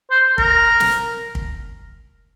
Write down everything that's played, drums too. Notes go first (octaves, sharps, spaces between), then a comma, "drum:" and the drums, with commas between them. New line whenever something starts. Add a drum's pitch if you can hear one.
C5
A#4, drum: kick
drum: snare
drum: kick